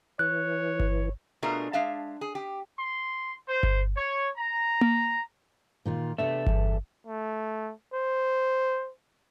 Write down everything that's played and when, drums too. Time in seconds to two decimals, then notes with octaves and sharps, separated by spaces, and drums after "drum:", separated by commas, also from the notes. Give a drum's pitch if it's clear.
0.19 E3 C#5 F#6
0.80 drum: kick G1
1.43 B2 A3 D4 F4 G#4 A#4
1.73 G#3 D4 E5 F5 A5
2.21 G#4
2.35 G4
2.79 C6
3.47 C5
3.63 drum: kick G1
3.96 C#5
4.37 A#5
4.81 drum: tom A#3
5.85 A#2 D#3 F4
6.18 C3 B3 D4 A4 E5
6.46 E2 G2, drum: kick G1
7.07 A3
7.93 C5